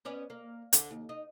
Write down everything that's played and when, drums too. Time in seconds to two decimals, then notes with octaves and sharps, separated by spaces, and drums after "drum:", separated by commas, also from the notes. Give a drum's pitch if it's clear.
0.05 B3 C#4 D5
0.30 A#3
0.73 D3 D5, drum: hi-hat
0.91 D#2
1.09 D#4